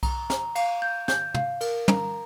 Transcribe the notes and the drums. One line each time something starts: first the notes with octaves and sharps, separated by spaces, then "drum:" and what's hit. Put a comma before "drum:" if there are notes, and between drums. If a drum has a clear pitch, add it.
A#5, drum: kick B1, cymbal
A#5, drum: snare
F5, drum: cymbal
G6
G6, drum: snare
F5, drum: tom
A#4, drum: cymbal
A#5, drum: tom